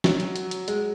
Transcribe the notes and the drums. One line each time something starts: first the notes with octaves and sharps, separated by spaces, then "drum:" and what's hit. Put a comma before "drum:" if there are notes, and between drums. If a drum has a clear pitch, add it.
F#3, drum: snare
drum: hi-hat
drum: hi-hat
drum: hi-hat
G#3, drum: hi-hat